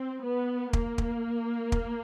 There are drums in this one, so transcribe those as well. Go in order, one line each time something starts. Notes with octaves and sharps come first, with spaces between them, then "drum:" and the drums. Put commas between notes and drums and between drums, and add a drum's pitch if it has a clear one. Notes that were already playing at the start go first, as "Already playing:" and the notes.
Already playing: C4
B3
A#3, drum: kick
drum: kick
drum: kick